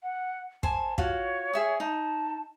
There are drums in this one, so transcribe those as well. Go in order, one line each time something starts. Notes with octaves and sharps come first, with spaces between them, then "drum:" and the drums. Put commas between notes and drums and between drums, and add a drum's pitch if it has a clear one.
F#5
C5 G#5 A5, drum: kick
F4 F#4 C#5, drum: kick
G#4 E5 D#6
D#4 A5